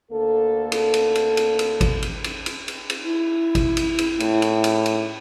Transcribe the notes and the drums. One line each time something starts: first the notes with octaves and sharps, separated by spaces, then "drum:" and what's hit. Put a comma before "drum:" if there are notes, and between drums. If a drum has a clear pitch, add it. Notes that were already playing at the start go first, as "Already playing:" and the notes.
D2 A#3 A4
drum: cymbal
drum: cymbal
drum: cymbal
drum: cymbal
drum: cymbal
drum: kick G#1, cymbal
drum: cymbal
drum: cymbal
drum: cymbal
drum: cymbal
drum: cymbal
E4
drum: kick G#1, cymbal
drum: cymbal
drum: cymbal
A2, drum: cymbal
drum: cymbal
drum: cymbal
drum: cymbal